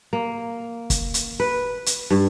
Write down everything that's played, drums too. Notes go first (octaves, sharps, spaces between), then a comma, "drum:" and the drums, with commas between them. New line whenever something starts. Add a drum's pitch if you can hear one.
A#3
drum: kick, hi-hat
drum: hi-hat
B4
drum: hi-hat
G2